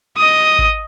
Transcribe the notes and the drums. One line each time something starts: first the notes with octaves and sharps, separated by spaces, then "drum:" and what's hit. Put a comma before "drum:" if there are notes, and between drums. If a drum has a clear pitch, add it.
D#5 D#6
drum: kick G#1